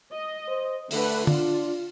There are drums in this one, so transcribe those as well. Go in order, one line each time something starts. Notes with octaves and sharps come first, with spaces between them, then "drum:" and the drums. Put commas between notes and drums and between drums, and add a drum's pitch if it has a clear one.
D#5
C5
D3 A3 B4, drum: open hi-hat
D4 F4, drum: tom